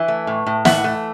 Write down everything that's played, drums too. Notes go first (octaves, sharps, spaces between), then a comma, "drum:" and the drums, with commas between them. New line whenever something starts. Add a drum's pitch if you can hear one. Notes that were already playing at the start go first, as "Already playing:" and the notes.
Already playing: E3 E5
A3
A2
A2
E3 E5 F#5, drum: snare
A3